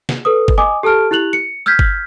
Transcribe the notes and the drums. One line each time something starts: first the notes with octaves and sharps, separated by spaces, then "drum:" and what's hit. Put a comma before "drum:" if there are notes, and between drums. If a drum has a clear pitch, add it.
drum: snare
A4 B4 D#6
drum: kick G1
D#5 G#5 D6 D#6
G4 A4 A5 F6 D7
E4 G4 F#6 F7 F#7
C#7
E6 F6 G6 G#6 B6
drum: kick G1